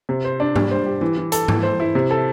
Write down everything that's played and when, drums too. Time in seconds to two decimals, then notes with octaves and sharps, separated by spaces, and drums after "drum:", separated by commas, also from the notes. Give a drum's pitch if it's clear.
0.09 C3
0.25 C5
0.40 D4
0.56 G3, drum: tom G#2
0.71 C5
0.86 G4
1.01 E3
1.17 E3
1.32 A4, drum: hi-hat
1.48 E3, drum: tom G#2
1.63 C5
1.80 E4
1.95 C3
2.11 A4